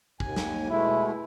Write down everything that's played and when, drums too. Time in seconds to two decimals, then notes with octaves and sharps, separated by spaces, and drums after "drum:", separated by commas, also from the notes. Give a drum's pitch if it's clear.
0.20 D#2 G#5, drum: kick
0.36 drum: snare
0.70 B2 G#3 A3 E4